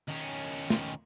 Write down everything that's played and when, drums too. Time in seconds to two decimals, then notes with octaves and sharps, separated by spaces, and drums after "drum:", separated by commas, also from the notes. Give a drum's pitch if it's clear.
0.09 D#3 C#4, drum: tambourine
0.70 drum: snare